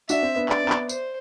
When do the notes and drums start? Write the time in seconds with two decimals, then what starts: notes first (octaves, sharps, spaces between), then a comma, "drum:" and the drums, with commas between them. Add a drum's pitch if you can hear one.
0.09 D4 F#4 E5, drum: tambourine
0.23 C4
0.36 B3 D4
0.49 B3 D4 D5, drum: clap
0.64 C4
0.69 B3, drum: clap
0.89 C5, drum: tambourine